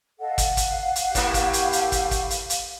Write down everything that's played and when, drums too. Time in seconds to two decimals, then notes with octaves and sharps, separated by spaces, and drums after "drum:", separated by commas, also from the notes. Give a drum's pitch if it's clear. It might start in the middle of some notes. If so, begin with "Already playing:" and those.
0.20 A4 D#5 F5 F#5
0.38 drum: kick, hi-hat
0.57 drum: kick, hi-hat
0.68 F5
0.96 drum: hi-hat
1.15 A2 A#3 E4 G4, drum: kick, hi-hat
1.34 drum: kick, hi-hat
1.53 drum: hi-hat
1.73 drum: hi-hat
1.92 drum: kick, hi-hat
2.11 drum: kick, hi-hat
2.30 drum: hi-hat
2.50 drum: hi-hat